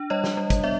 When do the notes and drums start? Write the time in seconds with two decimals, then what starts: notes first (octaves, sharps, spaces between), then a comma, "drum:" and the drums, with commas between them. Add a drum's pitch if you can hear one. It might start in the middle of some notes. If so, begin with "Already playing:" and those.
Already playing: D4
0.10 G3 C#5 D#5
0.24 drum: snare
0.37 G3
0.50 drum: kick, hi-hat
0.63 B3 D5 E5